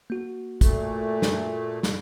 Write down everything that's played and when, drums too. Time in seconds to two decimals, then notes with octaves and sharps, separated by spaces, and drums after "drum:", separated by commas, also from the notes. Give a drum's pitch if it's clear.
0.10 A#3 F#4
0.61 A#2 A3, drum: kick, hi-hat
1.22 drum: snare
1.83 drum: snare